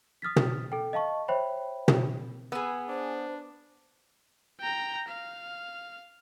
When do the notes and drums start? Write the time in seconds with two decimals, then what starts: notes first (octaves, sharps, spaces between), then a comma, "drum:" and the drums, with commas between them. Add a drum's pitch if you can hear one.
0.22 D#6 F6 A6 B6
0.36 drum: tom
0.72 A4 G5
0.93 D#5 F5 A5 C#6
1.28 C5 C#5 E5 G5 B5
1.88 drum: tom
2.52 B3 G#4 E6
2.89 D4 C5
4.60 G5 A#5
5.08 F5